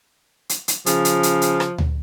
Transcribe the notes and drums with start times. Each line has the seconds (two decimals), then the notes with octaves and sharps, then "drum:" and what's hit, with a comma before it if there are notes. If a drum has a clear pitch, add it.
0.49 drum: hi-hat
0.68 drum: hi-hat
0.86 C#3 F3, drum: hi-hat
1.05 drum: hi-hat
1.23 drum: hi-hat
1.42 drum: hi-hat
1.60 drum: rim click
1.78 drum: tom D2